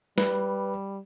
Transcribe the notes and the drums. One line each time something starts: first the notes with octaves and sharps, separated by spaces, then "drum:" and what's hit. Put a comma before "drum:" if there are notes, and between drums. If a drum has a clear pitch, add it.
G3 B4, drum: snare